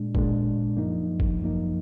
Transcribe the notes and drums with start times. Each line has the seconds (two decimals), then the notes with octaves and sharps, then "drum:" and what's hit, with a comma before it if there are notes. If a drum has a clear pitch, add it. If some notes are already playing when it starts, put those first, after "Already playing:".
Already playing: A#2 G#3 D4
0.15 A#2 G#3 D4, drum: kick G1
0.77 F#2 F3 A#3 D#4
1.20 drum: kick G1
1.40 F#2 F3 A#3 D#4